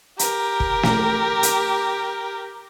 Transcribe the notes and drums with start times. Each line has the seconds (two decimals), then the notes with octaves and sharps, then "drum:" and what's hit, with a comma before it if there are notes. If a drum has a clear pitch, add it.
0.19 G4 A#4, drum: hi-hat
0.60 drum: kick
0.83 drum: snare
1.43 drum: hi-hat